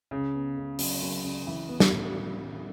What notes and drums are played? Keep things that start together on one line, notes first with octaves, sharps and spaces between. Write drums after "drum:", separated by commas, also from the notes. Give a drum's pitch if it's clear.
C#2 C#3
B3
C#2
F#3, drum: open hi-hat
F#3
C#2
E3
B3
drum: snare
A2